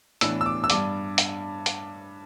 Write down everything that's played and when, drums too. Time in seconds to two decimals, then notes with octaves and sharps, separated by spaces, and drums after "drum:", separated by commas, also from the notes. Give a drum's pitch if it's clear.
0.21 A2 E3 B3 D4 E6, drum: hi-hat
0.41 E6
0.46 D6
0.64 E6
0.70 G2 G3 D4 D6, drum: hi-hat
1.18 drum: hi-hat
1.66 drum: hi-hat